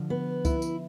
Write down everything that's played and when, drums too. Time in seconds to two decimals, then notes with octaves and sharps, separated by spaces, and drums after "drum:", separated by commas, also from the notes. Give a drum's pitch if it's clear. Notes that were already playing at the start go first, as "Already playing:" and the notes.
Already playing: D3 F3
0.10 B3
0.45 E4, drum: kick C#2, tambourine
0.62 drum: tambourine